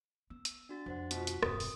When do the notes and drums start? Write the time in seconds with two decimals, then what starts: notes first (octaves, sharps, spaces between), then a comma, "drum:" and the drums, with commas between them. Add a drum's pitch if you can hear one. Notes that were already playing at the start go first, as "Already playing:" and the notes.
0.30 B3 E6
0.45 drum: hi-hat
0.69 D4 F#4 A6
0.86 F2 F#4 C5 F#5
1.11 B2 F3 F#4 B6, drum: hi-hat
1.27 drum: hi-hat
1.43 E1 G2 C3 D#6, drum: rim click
1.60 drum: open hi-hat